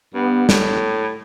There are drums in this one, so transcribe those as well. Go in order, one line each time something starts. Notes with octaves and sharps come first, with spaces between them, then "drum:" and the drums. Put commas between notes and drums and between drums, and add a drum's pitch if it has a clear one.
G2 B3
A2, drum: snare